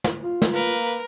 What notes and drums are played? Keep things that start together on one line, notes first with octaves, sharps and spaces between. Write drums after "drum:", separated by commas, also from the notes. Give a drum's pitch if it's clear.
drum: snare
F4
drum: snare
A#3 A#4 B4